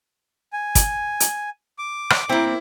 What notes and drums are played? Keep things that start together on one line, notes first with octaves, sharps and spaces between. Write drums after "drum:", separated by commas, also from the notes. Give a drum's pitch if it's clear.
G#5
drum: kick, hi-hat
drum: hi-hat
D6
drum: rim click
A#3 C4 E4